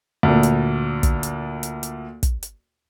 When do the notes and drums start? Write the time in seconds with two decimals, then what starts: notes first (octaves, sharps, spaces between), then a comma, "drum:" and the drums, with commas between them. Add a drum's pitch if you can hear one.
0.23 D2 A#2
0.43 drum: hi-hat
1.03 drum: kick, hi-hat
1.23 drum: hi-hat
1.63 drum: hi-hat
1.83 drum: hi-hat
2.23 drum: kick, hi-hat
2.43 drum: hi-hat